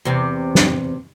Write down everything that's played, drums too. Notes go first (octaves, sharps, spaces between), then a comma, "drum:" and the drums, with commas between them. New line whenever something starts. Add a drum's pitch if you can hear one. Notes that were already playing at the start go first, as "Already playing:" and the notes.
E2 C3
drum: snare